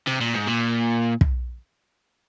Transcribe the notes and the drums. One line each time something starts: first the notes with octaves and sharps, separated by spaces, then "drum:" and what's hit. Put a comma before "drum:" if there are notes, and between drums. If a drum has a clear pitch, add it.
C3
A#2
G#2
A#2
drum: kick